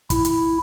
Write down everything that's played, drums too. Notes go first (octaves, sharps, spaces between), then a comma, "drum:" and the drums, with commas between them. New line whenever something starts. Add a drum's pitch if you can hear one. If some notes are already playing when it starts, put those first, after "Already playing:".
E4, drum: kick, hi-hat
drum: hi-hat